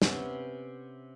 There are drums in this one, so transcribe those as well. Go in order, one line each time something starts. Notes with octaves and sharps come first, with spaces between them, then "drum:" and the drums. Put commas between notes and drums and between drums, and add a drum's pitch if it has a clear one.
C3 B3 C#4, drum: snare